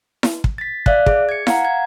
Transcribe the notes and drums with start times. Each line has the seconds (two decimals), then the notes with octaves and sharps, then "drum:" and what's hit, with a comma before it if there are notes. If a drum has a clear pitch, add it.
0.23 drum: snare E4
0.44 drum: kick
0.58 A6 B6
0.86 D5 E5 F5 F#6, drum: kick
1.06 G#4, drum: kick
1.29 G#6 C#7
1.47 F5 F#5 A#5, drum: snare E4
1.65 G#6